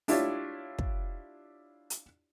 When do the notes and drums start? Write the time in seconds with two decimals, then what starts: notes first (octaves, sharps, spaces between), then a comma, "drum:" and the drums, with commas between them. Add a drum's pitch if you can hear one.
0.08 D4 E4 F4 G4 C#5 D5, drum: open hi-hat
0.79 drum: kick
1.90 drum: hi-hat